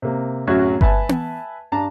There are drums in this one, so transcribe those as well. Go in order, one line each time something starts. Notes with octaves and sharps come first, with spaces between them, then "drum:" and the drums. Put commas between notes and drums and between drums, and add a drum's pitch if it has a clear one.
C3 A#3
D1 F#2 F#3 F#4 E5 G#6
B4 E5 G#5 A5, drum: kick G1
drum: tom B3
G2 D4 A5 A#5